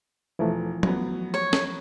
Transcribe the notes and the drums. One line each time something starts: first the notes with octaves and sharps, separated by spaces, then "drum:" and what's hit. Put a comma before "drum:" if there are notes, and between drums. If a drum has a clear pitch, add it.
E1 E3 F3 A3
F#3 B3, drum: tom
C#5
drum: snare